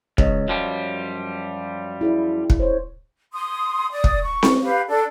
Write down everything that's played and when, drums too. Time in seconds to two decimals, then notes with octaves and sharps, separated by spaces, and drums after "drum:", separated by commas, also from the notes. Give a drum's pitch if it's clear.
0.18 C#2 C#5 D#5, drum: kick
0.48 F#2 F3 G3
2.01 E4 G#4 D5
2.50 drum: kick
2.60 C5 C#5
3.33 C6 D#6
3.91 D5 D#6
4.04 drum: kick
4.22 C#6
4.43 drum: snare C4
4.62 G4 B4 F5
4.89 D4 A4 D5